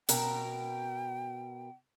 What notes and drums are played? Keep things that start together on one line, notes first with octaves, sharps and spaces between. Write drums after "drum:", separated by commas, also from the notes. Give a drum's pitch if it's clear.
B2 A#4 G5, drum: hi-hat